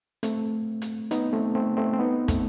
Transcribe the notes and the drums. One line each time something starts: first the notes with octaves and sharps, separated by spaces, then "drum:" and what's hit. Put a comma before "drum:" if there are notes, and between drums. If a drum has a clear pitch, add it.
A3 C4, drum: hi-hat
drum: hi-hat
B3 D#4, drum: hi-hat
A3 C4
A3 C4
A3 C4
C4
B3 D#4
A3 C4, drum: kick, hi-hat